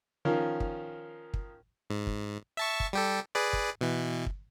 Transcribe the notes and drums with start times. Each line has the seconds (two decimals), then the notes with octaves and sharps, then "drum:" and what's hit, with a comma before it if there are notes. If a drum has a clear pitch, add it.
0.25 D#3 F3 C#4 F4 A#4
0.60 drum: kick
1.34 drum: kick
1.90 G#2
2.07 drum: kick
2.57 E5 A5 C#6
2.80 drum: kick
2.93 G3 G4 A4
3.35 G#4 B4 D5
3.53 drum: kick
3.81 B2 E3
4.26 drum: kick